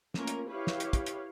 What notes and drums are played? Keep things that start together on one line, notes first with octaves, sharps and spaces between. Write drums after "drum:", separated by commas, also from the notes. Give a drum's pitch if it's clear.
A3 A#3 C#4 F4 A#4, drum: snare
drum: hi-hat
E4 G4 B4 C#5 F5
drum: snare
drum: hi-hat
drum: kick, hi-hat
drum: hi-hat